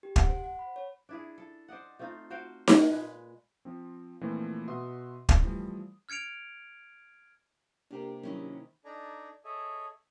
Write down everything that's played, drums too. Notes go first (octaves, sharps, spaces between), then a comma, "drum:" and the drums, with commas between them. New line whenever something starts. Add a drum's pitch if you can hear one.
G4
F#5, drum: kick
C5
F#5
B5
C#5
D4 E4 G#4
A4
C5 D5 D#5 F#5
A3 C4 D#4 F4
F#4 C5 F5 G5
drum: snare D#4
A#2 G#3 B4
F3 C4
A#2 E3 F3 A3 C4
B2 F#4 B4 E5 C6 D#6
drum: kick
E3 F3 G3 A3 E4
F6 G#6 C#7 D7 F7
C3 A#3 D4 G4 A#4
D#3 F#3 C#4 E4 D#5
D4 D#4 A4 D5 G#5 A#5
G#4 A4 C#5 D#5 E5